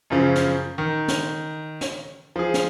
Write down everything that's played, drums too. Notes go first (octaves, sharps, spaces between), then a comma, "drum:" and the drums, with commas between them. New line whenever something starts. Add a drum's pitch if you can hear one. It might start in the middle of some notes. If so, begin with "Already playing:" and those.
F#2 C#3 F3
drum: snare
D#3
drum: snare
drum: snare
F3 G#4
drum: snare